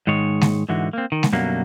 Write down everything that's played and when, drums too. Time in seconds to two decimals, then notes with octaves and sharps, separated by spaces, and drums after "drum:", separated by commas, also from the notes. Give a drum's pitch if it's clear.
0.07 G#2 D#3 G#3 C#5
0.41 drum: snare G#3
0.69 G#2 D3 E3 F#4
0.93 A#3 C4
1.12 D#3
1.23 drum: snare G#3
1.33 F#2 B2 D3 F#3 G3 A#3